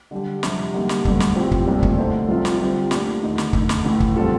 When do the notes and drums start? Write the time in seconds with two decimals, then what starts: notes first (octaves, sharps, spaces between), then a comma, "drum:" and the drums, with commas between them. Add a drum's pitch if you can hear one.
0.11 D3 G3 D4 G4
0.43 F2 C3 G3 D4, drum: snare
0.73 D3 G3 A#3 D#4
0.89 drum: snare
1.05 G1 G2 D3 A3, drum: kick
1.20 drum: snare
1.36 A2 F3 C4 G4
1.51 drum: kick
1.67 C2 A#2 A3 C4
1.83 drum: kick
1.98 D3 A3 D#4 A4 C5
2.29 C2 C3 F3 C4 F4
2.45 drum: snare
2.60 D3 G3 C4 F4 C5
2.91 A#2 A3 D4 G4, drum: snare
3.23 D#2 D3 A3 D#4
3.38 drum: snare
3.53 D3 A3 D#4, drum: kick
3.69 drum: snare
3.85 A1 A2 A3
4.00 drum: kick
4.16 D3 G3 C4 F4 A4